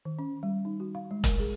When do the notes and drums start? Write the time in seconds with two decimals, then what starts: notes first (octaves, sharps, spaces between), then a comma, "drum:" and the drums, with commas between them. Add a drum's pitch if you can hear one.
0.05 D#3
0.19 C#4
0.43 G3
0.65 D#4
0.80 F#4
0.95 F5
1.11 G#3
1.24 A#4, drum: kick E1, hi-hat
1.40 G#4